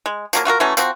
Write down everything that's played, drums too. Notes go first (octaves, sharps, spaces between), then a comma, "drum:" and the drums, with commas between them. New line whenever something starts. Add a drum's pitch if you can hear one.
G#3
F3 F#3 A#3, drum: tambourine
F4 F#4 G#4 A#4
E3 F#3 A3 C#4
F3 C4 F#4, drum: tambourine